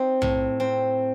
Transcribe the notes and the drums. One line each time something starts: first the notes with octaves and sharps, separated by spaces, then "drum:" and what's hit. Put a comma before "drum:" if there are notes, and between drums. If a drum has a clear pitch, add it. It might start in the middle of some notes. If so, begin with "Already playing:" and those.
Already playing: C4 D#4
A2, drum: tom B1
C4